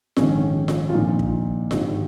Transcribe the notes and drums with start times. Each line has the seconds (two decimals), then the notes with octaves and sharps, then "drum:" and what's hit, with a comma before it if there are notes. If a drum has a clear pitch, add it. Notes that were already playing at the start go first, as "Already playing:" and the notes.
0.16 A#1 G#2 D#3 C#4, drum: snare F4
0.68 drum: snare F4
0.89 F4
0.93 A#1 A#2 F3 D#4
1.19 drum: kick
1.71 G#1 G2 D#3, drum: snare F4